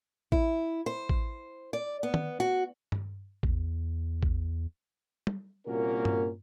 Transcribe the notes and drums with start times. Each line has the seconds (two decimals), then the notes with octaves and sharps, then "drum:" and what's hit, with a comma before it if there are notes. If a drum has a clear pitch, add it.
0.32 E4, drum: kick A1
0.86 C5
1.09 drum: kick A1
1.73 D5
2.03 B3
2.14 drum: tom D#3
2.40 F#4
2.92 drum: tom G2
3.43 E2, drum: kick A1
4.23 drum: kick A1
5.27 drum: tom
5.67 C2 A#2 A#3 C#4 F#4 A#4
6.05 drum: tom G2